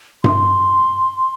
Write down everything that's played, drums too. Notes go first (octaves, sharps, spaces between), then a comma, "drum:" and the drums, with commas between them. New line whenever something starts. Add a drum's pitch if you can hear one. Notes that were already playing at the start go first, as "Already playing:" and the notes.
C6, drum: tom G2